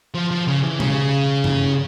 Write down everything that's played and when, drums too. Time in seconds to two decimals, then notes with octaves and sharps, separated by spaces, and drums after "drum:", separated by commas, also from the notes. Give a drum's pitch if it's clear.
0.14 F3
0.31 F3
0.47 C#3
0.64 E3
0.80 C#3, drum: tom B2
1.44 drum: tom G2